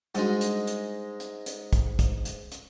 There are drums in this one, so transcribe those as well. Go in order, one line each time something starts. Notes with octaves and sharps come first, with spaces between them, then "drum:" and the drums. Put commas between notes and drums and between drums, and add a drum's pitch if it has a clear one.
G#2 G3 G#3 D4 F#4, drum: hi-hat
drum: hi-hat
drum: hi-hat
drum: hi-hat
drum: hi-hat
drum: kick, hi-hat
drum: kick, hi-hat
drum: hi-hat
drum: hi-hat